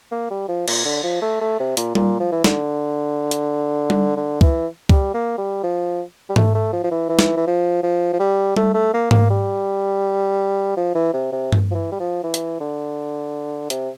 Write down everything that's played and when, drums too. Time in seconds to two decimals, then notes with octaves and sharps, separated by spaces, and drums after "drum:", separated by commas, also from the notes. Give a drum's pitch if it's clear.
0.11 A#3
0.31 G3
0.48 F3
0.68 A#2, drum: cymbal
0.85 D3
1.03 F3
1.22 A3
1.41 A3
1.60 C3
1.77 A#2, drum: hi-hat
1.95 A#2, drum: tom G3
2.20 F3
2.32 E3
2.44 D3, drum: snare
3.31 drum: hi-hat
3.90 drum: tom G3
4.17 D3
4.41 E3, drum: kick
4.89 G3, drum: kick
5.14 A#3
5.38 G3
5.63 F3
6.29 G3
6.36 A3, drum: tom G#2
6.55 A3
6.73 F3
6.84 F3
6.91 E3
7.09 E3
7.19 drum: snare
7.37 E3
7.47 F3
7.83 F3
8.13 F3
8.20 G3
8.56 A3, drum: tom G3
8.74 A3
8.93 A#3
9.11 A#3, drum: tom G#2
9.30 G3
10.77 F3
10.95 E3
11.13 C3
11.32 C3
11.52 drum: tom G2
11.71 F3
11.75 E3
11.92 G3
12.00 F3
12.24 E3
12.34 drum: hi-hat
12.60 D3
13.70 C3, drum: hi-hat